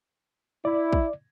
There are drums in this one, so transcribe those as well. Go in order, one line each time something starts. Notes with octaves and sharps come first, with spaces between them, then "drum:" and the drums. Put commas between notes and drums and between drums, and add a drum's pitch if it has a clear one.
E4 D5
drum: kick